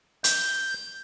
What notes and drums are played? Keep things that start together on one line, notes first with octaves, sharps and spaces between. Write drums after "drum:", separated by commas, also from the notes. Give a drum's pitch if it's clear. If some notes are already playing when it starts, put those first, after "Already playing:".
G6, drum: hi-hat